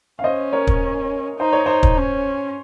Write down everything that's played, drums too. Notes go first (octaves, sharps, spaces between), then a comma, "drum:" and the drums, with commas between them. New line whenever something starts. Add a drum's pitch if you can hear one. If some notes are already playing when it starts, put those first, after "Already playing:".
F5
C#4 C5 D#5
A#4 C#5
drum: kick
D#4 C5
C#5
D#4 C5
drum: kick
C#4